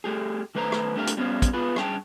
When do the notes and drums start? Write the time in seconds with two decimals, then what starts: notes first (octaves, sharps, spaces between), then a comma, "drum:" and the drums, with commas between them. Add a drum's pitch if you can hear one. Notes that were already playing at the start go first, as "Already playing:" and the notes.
0.04 A3 G4 G#4
0.55 D#3 A3 B4 C5 G#5 A#5
0.72 drum: rim click
0.96 A3 D4 E4 G4 A#4 F5
1.07 drum: hi-hat
1.17 G3 B3 C#4 C5 F5
1.42 drum: kick, hi-hat
1.53 B3 F4 G#4 B4
1.76 G2 C#4 G#4 C#5 G5 A5, drum: rim click